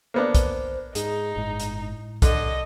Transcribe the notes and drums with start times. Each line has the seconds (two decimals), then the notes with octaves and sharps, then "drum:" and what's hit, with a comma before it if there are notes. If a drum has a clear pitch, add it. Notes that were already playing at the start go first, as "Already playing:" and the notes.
0.14 A#3 B3 D4 C5
0.35 drum: kick, hi-hat
0.95 G#2 D#4 G#4, drum: hi-hat
1.36 G1 A2 G#3
1.60 drum: hi-hat
2.22 C2 D3 A4 D#5, drum: kick, hi-hat